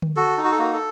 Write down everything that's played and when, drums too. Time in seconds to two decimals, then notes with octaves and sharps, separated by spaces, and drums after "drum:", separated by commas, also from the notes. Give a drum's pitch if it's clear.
0.02 drum: tom D3
0.16 F#4 A4
0.37 D#4
0.44 F#4
0.52 A4
0.58 A#3 F#4
0.73 A4